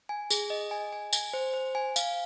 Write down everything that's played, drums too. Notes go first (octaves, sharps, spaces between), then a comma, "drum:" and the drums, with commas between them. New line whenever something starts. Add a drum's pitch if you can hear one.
G#5
G#4, drum: tambourine
D#5
G#5
G#5
G#5, drum: tambourine
C5
C5
G#5
F5, drum: tambourine